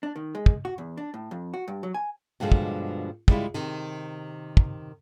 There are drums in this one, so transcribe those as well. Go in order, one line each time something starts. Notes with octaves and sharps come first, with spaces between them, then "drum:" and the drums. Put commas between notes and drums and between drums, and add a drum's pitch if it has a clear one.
D4
D#3
G#3
drum: kick
F#4
E2
D4
A2
F2
F#4
G2
F#3
G#5
G2 B2 D3 F3 G#3
drum: kick
G3 G#3 E4 F4, drum: kick
C3 D#3
drum: kick